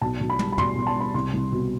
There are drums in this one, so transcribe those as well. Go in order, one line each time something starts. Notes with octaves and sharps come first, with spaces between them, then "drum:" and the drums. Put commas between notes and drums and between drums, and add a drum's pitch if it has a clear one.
B1 A5
B1
B5
G3, drum: tom
B5
B2 C6, drum: tom
B2
A5
G3
B5
C2 C6
C2
B2